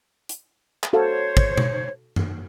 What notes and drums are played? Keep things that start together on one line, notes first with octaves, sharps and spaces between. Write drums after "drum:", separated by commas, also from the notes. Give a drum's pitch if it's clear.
drum: hi-hat
drum: clap
F#4 A4 C5 C#5 F5
drum: kick
drum: tom B2
drum: tom F#2